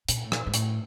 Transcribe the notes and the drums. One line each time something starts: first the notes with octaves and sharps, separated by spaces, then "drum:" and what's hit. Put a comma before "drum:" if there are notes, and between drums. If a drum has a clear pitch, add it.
A#2, drum: hi-hat
A2
A#2, drum: rim click
G#2
A2, drum: hi-hat